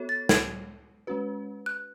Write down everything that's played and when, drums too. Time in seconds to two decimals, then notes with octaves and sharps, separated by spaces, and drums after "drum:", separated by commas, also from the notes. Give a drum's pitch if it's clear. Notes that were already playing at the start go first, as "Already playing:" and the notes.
Already playing: B3 F#4 A4 C#5
0.09 A6
0.29 G#6, drum: snare
1.07 G#3 C#4 F#4 B4
1.66 F#6